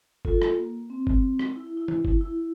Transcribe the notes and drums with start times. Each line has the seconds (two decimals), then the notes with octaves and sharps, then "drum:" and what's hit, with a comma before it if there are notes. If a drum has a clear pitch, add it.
0.25 F4 A4, drum: kick
0.42 drum: rim click
0.58 A#3
0.90 C4
1.07 drum: kick
1.39 drum: rim click
1.56 E4
1.67 E4
1.77 E4
1.88 drum: tom E3
2.05 drum: kick
2.21 E4